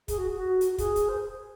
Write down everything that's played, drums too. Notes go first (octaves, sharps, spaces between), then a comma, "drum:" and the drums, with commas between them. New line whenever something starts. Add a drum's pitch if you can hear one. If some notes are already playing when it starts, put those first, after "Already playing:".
G#4, drum: kick, hi-hat
F#4
F#4
drum: hi-hat
F#4
G#4, drum: kick, hi-hat
drum: hi-hat
C5